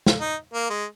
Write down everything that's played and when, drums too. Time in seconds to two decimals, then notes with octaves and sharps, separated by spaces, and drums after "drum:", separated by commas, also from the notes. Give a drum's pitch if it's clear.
0.06 drum: snare
0.20 D#4
0.53 A#3
0.70 G#3